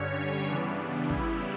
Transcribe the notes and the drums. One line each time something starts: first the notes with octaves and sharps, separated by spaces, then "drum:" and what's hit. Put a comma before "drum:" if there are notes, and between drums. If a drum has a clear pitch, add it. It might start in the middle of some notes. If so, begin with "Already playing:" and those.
Already playing: G2 D3 G3 C#4 C#5
C#3 E3 G3 B3 D4
C#3 G3 B3 E4, drum: kick